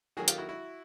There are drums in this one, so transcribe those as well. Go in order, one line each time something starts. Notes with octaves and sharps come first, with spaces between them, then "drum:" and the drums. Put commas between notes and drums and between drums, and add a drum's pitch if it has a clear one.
D#3 F#3 A#3 F#4 G#4
F4 G4, drum: hi-hat
E4 F#4
E4 F#4